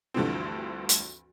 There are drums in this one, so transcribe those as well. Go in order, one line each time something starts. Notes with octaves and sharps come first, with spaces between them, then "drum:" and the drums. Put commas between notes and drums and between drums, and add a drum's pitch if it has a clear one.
D2 G2 D3 E3 F3 C4
drum: hi-hat